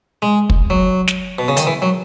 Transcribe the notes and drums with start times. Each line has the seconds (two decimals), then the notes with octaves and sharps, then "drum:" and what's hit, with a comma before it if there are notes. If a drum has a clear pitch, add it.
0.22 G#3
0.50 drum: kick
0.70 F#3
1.07 drum: snare
1.39 B2
1.48 C#3
1.57 D#3, drum: hi-hat
1.67 E3
1.82 F#3